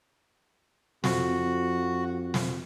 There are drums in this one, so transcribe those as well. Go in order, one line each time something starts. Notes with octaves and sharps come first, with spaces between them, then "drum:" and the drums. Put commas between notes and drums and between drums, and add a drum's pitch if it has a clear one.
F2 F#4, drum: snare
drum: snare